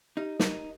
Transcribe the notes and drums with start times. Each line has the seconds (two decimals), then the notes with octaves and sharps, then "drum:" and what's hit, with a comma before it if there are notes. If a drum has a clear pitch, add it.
0.17 D#4 G4
0.40 D#4 A#4, drum: snare